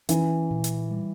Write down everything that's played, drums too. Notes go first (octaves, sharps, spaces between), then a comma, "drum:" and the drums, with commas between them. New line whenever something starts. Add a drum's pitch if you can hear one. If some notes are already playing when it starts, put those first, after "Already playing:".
E3 C#4, drum: hi-hat
A#2
drum: hi-hat
G3